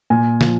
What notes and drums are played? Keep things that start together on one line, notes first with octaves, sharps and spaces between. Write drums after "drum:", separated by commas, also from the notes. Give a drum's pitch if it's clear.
A#2 G#5
F3, drum: snare